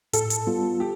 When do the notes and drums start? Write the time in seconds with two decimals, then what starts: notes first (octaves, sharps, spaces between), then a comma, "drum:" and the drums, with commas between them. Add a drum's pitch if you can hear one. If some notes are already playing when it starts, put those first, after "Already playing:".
0.13 A2 A4, drum: hi-hat
0.30 drum: hi-hat
0.47 G3 B3 F4
0.80 G4